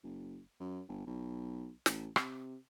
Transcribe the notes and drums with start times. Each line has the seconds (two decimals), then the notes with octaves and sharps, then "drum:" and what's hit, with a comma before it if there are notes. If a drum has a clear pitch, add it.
0.04 F#1
0.60 F#2
0.89 G1
1.07 B1
1.86 A1, drum: snare
2.16 C3, drum: rim click